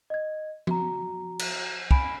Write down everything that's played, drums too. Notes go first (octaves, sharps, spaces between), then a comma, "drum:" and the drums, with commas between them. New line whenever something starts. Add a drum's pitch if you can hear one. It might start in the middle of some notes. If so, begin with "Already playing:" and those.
D#5 G#6
F#4 A#5, drum: tom F3
drum: cymbal
G#5 B5 D7, drum: kick